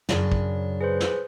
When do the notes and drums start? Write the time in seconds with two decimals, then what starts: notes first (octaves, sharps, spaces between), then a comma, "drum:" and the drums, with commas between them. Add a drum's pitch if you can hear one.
0.09 F#2 C#3 D4, drum: snare
0.32 drum: kick
0.81 G#4 B4 C5
1.00 drum: snare